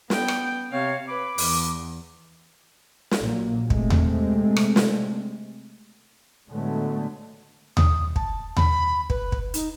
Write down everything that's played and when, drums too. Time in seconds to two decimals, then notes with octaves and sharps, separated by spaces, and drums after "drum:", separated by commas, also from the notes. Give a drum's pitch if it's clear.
0.10 B3 G5, drum: snare
0.28 drum: rim click
0.72 C3 C4 C#5 F5
1.08 B4 D6
1.38 E2, drum: open hi-hat
3.11 drum: snare
3.22 A#1 A#2 F#3 A#3
3.70 C3 G#3 A3 C4, drum: kick
3.90 drum: tom D#2
4.56 drum: rim click
4.76 drum: snare
6.49 A2 D3 F#3 G#3 A3 B3
7.77 D#6, drum: tom D#2
8.16 A5, drum: kick
8.57 B5, drum: tom D#2
9.10 B4, drum: kick
9.32 drum: kick
9.54 D#4, drum: hi-hat